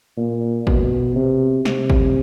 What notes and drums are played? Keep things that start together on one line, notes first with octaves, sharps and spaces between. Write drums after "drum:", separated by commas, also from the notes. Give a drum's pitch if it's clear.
A#2
B2, drum: kick
C3
C3, drum: snare
drum: kick